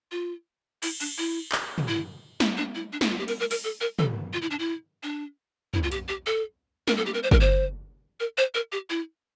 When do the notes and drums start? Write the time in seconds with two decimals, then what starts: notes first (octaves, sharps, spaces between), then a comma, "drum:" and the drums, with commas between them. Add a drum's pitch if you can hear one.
0.11 F4
0.83 E4, drum: cymbal
1.00 D4, drum: cymbal
1.18 E4
1.52 drum: clap
1.78 drum: tom
1.88 E4
2.40 E4, drum: snare
2.57 D4
2.75 E4
2.93 D4
3.01 E4, drum: snare
3.10 F4
3.19 G4
3.28 A#4, drum: cymbal
3.40 A#4
3.51 A#4, drum: open hi-hat
3.64 A4
3.81 A#4
3.99 A4, drum: tom
4.33 F4
4.42 E4
4.51 D4
4.59 E4
5.03 D4
5.74 E4, drum: tom
5.83 F4
5.92 G4, drum: hi-hat
6.08 G4
6.26 A4
6.88 A#4, drum: snare
6.97 A4
7.06 G4
7.14 A#4
7.23 C5
7.31 A#4, drum: kick
7.41 C5
8.20 A#4
8.38 C5
8.55 A#4
8.72 G4
8.90 E4